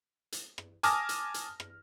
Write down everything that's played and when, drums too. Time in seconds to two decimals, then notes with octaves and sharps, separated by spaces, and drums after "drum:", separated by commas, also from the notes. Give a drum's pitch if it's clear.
0.32 drum: hi-hat
0.58 drum: rim click
0.83 G#5 A5 D6 D#6 F6 A#6, drum: hi-hat
1.09 drum: hi-hat
1.34 drum: hi-hat
1.60 drum: rim click